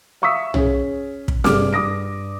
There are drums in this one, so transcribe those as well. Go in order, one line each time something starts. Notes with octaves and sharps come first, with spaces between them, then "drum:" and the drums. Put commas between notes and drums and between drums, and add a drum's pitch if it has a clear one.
E5 F5 C#6 D#6 E6 B6
C#4 G#4, drum: tom
drum: kick
G2 C3 G#4 D6 F6, drum: snare
G2 D6 D#6 A#6 D7